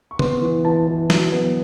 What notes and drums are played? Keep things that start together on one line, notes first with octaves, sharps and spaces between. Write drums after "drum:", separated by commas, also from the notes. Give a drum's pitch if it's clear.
C#6
B3 C6, drum: tom
E3
E3 A5
E3
F#3, drum: snare
B3